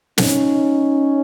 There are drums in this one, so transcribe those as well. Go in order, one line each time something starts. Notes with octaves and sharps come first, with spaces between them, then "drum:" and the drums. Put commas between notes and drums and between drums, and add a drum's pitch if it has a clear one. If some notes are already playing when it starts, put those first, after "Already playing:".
C#4 D#4, drum: snare